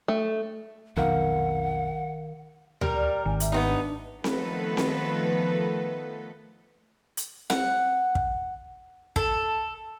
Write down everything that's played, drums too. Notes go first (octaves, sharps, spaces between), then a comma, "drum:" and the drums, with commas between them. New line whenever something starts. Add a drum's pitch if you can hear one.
A3
B1 F2 D#3 A#4 F5 F#5
G3 A#4, drum: tom D2
D5
G#1 G#5
E5, drum: hi-hat
B3 C4 D#4
D4
D#3 F3 A3 B3 A4 B4, drum: snare C4
drum: snare C4
drum: hi-hat
F#5, drum: snare C4
drum: kick
A4, drum: kick